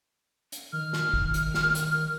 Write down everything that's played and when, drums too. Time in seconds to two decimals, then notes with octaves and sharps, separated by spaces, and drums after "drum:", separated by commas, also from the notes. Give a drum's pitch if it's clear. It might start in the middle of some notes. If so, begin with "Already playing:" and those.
0.52 drum: hi-hat
0.73 D#3 F6
0.93 drum: snare
1.14 drum: kick
1.34 drum: hi-hat
1.54 drum: snare
1.75 drum: hi-hat